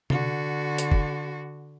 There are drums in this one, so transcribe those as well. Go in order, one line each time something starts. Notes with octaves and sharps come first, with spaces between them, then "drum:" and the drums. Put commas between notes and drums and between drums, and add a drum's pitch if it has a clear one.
D3 F#4, drum: tom C3
drum: hi-hat
drum: kick F#1